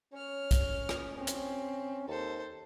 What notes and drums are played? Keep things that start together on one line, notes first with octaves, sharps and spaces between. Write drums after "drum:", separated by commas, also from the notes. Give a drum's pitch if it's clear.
C#4 C#5 F6
drum: kick B1, hi-hat
drum: rim click
C4 C#4
drum: hi-hat
D#2 A4 C5